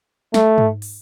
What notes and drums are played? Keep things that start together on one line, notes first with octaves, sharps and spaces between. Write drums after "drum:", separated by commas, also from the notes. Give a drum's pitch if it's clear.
A3, drum: snare
drum: tom G#2
drum: open hi-hat